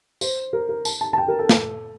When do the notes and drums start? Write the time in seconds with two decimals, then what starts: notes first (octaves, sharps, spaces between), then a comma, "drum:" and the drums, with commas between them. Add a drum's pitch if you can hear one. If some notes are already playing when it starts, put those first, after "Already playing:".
0.21 C5, drum: tambourine
0.53 A#4
0.69 A#4
0.85 A5, drum: tambourine
1.01 A5
1.13 A5
1.18 G5
1.28 A#4
1.39 A4
1.49 drum: snare